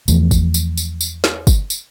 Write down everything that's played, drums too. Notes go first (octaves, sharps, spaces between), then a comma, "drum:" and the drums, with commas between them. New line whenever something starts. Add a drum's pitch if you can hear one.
E2 E3 F3 A3, drum: tambourine
drum: kick, tambourine
drum: tambourine
drum: tambourine
drum: tambourine
drum: snare
drum: kick, tambourine
drum: tambourine